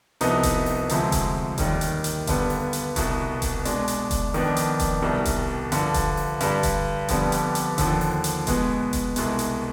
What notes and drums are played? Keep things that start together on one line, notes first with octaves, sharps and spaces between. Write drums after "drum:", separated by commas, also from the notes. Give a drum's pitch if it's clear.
C2 C3 F3 B3 D#4, drum: hi-hat
drum: kick E1, hi-hat
drum: open hi-hat
D2 C3 F3 G#3, drum: hi-hat
drum: kick E1, hi-hat
D#2 D#3 G3, drum: kick E1, hi-hat
drum: hi-hat
drum: hi-hat
G2 D3 G3 B3, drum: kick E1, hi-hat
drum: open hi-hat
drum: hi-hat
C2 B2 B3, drum: kick E1, hi-hat
drum: kick E1, hi-hat
B2 G#3 D4, drum: hi-hat
drum: hi-hat
drum: kick E1, hi-hat
F2 D#3 B3 D4, drum: open hi-hat
drum: hi-hat
drum: kick E1, hi-hat
C2 B2 G3
drum: kick E1, hi-hat
G2 D3 F3, drum: hi-hat
drum: kick E1, hi-hat
drum: open hi-hat
G2 D3 G3, drum: hi-hat
drum: kick E1, hi-hat
F2 D3 G3 B3, drum: kick E1, hi-hat
drum: hi-hat
drum: hi-hat
D#2 D3 F3, drum: kick E1, hi-hat
drum: open hi-hat
drum: hi-hat
B2 G#3 B3, drum: kick E1, hi-hat
drum: kick E1, hi-hat
C2 B2 G#3, drum: hi-hat
drum: hi-hat